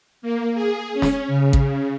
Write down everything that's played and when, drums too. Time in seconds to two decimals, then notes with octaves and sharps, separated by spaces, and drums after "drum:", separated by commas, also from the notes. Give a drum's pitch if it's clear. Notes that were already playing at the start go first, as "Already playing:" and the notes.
0.22 A#3
0.54 G#4
0.93 C#4
1.02 drum: snare
1.28 C#3
1.53 drum: kick A1